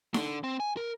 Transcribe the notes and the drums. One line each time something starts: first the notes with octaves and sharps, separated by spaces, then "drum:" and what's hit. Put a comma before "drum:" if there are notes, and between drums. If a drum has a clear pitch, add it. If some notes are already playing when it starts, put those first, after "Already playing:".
D3, drum: snare D#4
C4
G#5
A#4